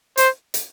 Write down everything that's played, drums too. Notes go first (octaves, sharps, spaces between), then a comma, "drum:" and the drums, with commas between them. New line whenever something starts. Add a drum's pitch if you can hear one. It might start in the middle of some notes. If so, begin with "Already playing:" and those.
C5, drum: hi-hat
drum: hi-hat